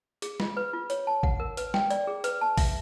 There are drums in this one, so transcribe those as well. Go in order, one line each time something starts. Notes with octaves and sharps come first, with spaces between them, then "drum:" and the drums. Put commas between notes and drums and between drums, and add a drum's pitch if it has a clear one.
G#4, drum: hi-hat
F4, drum: snare
B4
F4
C#5, drum: hi-hat
A5
F#5, drum: kick
A#4
B4, drum: hi-hat
G5, drum: snare
D5, drum: hi-hat
G#4
B4, drum: hi-hat
A5
E5, drum: kick, open hi-hat